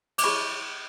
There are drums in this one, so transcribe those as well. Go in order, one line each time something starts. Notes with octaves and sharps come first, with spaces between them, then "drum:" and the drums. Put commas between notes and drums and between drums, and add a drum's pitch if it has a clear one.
D6, drum: cymbal
E4 G#4 C#5 B5 C#6